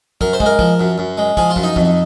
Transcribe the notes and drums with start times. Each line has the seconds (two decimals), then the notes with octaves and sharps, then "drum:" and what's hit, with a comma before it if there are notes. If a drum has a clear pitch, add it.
0.21 F#2 A#4, drum: kick
0.33 C5
0.40 G#3, drum: kick
0.46 A#4
0.59 F3, drum: kick
0.80 F#2
0.98 F#2
1.18 G#3
1.37 F3 G#4, drum: kick
1.50 F4
1.56 F#2, drum: kick
1.63 D#4
1.76 F2, drum: kick